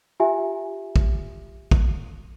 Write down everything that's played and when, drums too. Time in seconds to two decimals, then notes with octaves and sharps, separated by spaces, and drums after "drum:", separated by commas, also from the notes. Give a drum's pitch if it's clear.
0.20 F4 G4 E5 G#5
0.96 drum: kick
1.71 drum: kick